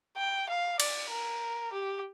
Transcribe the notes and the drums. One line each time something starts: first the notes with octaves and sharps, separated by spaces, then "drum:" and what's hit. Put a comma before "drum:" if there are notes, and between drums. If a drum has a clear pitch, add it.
G5
F5
D5, drum: cymbal
A#4
G4